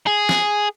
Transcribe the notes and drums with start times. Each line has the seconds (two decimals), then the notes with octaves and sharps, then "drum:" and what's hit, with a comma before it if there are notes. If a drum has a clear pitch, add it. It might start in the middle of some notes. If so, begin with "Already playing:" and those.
0.07 G#4
0.29 drum: snare